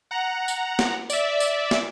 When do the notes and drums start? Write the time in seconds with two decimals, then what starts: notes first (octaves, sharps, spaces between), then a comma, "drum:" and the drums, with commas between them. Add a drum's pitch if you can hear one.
0.11 F#5 A#5
0.48 drum: tambourine
0.79 drum: snare
1.10 D5 E5, drum: tambourine
1.40 drum: tambourine
1.71 drum: snare